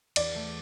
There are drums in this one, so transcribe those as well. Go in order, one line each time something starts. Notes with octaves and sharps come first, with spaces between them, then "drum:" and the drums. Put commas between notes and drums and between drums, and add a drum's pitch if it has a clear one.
E2 D5, drum: cymbal
A3